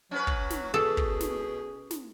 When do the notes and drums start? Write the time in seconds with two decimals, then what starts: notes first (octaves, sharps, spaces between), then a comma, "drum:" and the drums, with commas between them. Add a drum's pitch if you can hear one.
0.11 F#3 C#4 B4
0.27 drum: kick
0.50 drum: snare
0.74 B2 G#4 A4
0.97 drum: kick
1.20 drum: snare
1.91 drum: snare